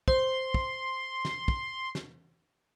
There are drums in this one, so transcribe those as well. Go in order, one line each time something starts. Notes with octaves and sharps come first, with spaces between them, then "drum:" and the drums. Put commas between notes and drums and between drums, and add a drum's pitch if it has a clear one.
C5 C6, drum: kick
drum: kick
drum: snare
drum: kick
drum: snare